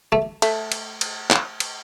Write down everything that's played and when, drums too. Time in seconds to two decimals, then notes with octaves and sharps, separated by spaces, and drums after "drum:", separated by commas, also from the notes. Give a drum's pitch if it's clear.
0.12 A3
0.42 A3, drum: cymbal
0.72 drum: cymbal
1.01 drum: cymbal
1.31 drum: clap
1.60 drum: cymbal